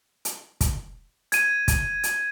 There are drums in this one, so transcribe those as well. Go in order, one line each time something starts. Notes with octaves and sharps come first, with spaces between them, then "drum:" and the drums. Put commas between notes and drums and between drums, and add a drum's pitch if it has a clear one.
drum: hi-hat
drum: kick, hi-hat
G#6 D#7, drum: hi-hat
drum: kick, hi-hat
drum: hi-hat